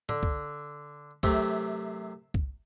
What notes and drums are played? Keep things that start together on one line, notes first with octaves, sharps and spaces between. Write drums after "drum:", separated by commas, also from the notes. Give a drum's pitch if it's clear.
D3, drum: tom
drum: kick C2
F#2 C3 A3 C4, drum: kick C2
drum: kick C2